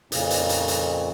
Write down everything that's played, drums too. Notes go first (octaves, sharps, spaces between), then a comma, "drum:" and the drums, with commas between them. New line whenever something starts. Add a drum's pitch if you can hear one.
F2 A#2 C#3, drum: hi-hat
drum: hi-hat
drum: hi-hat
drum: hi-hat